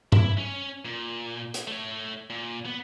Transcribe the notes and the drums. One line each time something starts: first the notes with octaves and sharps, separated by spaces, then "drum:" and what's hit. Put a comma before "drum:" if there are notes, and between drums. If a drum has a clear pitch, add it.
E4, drum: tom G2
C#4
A#2
drum: hi-hat
A3 C#5
A#2
B3